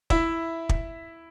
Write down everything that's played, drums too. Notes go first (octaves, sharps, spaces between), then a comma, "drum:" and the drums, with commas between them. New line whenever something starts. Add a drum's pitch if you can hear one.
E4 E5, drum: kick
drum: kick